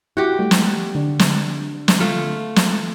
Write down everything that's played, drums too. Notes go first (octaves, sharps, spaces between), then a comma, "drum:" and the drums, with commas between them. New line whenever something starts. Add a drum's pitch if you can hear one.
E4 F#4 G4
G3 A3
drum: snare
D3 D4
drum: snare
drum: snare
A3 F4
drum: snare